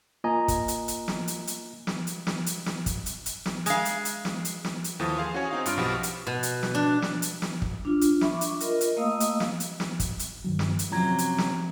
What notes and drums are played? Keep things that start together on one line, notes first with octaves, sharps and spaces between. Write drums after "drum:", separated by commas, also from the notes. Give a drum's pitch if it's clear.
A#3 F4 D#5 G#5 A#5
drum: kick, hi-hat
drum: hi-hat
drum: hi-hat
drum: snare
drum: hi-hat
drum: hi-hat
drum: snare
drum: hi-hat
drum: snare
drum: hi-hat
drum: snare
drum: kick, hi-hat
drum: hi-hat
drum: hi-hat
drum: snare
G#3 F5, drum: hi-hat
drum: hi-hat
drum: hi-hat
drum: snare
drum: hi-hat
drum: snare
drum: hi-hat
D#2 E3 F3 A4 D#6
G#4 F5 C6 D#6
C#4 F#4 G#4 C#5 G#5
C4 D#4 F5
G2 F4 F6 D7, drum: hi-hat
B1 B2 F3 F#4 G4 B5
drum: hi-hat
B2
drum: hi-hat
drum: snare
D4
drum: snare
drum: hi-hat
drum: snare
drum: kick
D4 F4
drum: hi-hat
E5 B5 C#6 D6, drum: snare
drum: hi-hat
F4 A#4 D#5, drum: hi-hat
drum: hi-hat
A3 A#3 D#5 F5 D#6 E6
drum: hi-hat
drum: snare
drum: hi-hat
drum: snare
drum: kick, hi-hat
drum: hi-hat
G2 D#3 F#3
drum: snare
drum: hi-hat
C3 F3 F#3 C#4 A#5 G#6
drum: hi-hat
drum: snare